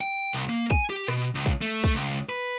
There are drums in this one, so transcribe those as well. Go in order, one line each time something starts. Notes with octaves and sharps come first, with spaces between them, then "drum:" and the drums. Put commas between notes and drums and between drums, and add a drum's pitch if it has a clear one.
G5
C2
A#3
G#5, drum: kick
G4
B2, drum: rim click
C#2
drum: kick
A3
drum: kick
C#2
B4